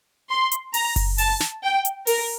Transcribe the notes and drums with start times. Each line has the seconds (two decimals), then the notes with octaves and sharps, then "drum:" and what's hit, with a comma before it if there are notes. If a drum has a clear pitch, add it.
0.29 C6
0.52 drum: hi-hat
0.74 A#5, drum: open hi-hat
0.96 drum: kick F#1, open hi-hat
1.18 A5, drum: open hi-hat
1.40 drum: snare
1.63 G5
1.85 drum: hi-hat
2.07 A#4, drum: open hi-hat